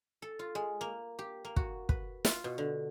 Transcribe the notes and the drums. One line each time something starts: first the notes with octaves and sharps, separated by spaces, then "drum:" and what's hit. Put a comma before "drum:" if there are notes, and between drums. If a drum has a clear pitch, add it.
A4
F4
G#3
A#3
G4
A#3
F#4, drum: kick
B4, drum: kick
F4, drum: snare
B2
D3